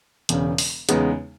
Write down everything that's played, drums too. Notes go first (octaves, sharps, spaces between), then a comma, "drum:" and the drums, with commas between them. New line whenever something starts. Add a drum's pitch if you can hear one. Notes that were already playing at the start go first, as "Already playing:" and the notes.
E1 E2 C#3, drum: hi-hat
drum: open hi-hat
E2 C#3 G#3 B3 D#4, drum: hi-hat